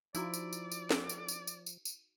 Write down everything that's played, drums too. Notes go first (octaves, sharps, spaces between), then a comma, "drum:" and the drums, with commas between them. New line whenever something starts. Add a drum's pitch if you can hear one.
F3 D#4 E4 F#4 D5 A#5, drum: tambourine
drum: tambourine
drum: tambourine
drum: tambourine
drum: snare
drum: tambourine
drum: tambourine
drum: tambourine
drum: tambourine
drum: tambourine